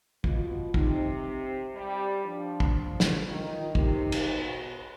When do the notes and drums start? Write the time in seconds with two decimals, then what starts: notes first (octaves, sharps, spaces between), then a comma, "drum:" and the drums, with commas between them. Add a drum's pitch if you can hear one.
0.24 B2 F4, drum: kick
0.74 C3 D#4, drum: kick
1.75 G3
2.25 F3 D4
2.60 drum: kick
3.00 drum: snare
3.25 D#3 F4
3.75 C3 D#4, drum: kick
4.12 drum: cymbal
4.26 B2